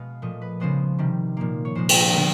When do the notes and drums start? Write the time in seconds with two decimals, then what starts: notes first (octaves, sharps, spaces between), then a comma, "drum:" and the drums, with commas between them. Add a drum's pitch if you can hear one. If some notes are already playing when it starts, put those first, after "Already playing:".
Already playing: B2 G#3 B3 F5
0.22 A#2 F3 A3 D#5
0.42 B4
0.60 C#3 F3 G#3 B3 C5
0.98 C3 D#3 G3
1.37 A#2 F3 A#3
1.65 C#5
1.75 A#2 F3 G#3 C5
1.89 drum: cymbal
2.14 D3 G3 B3 B4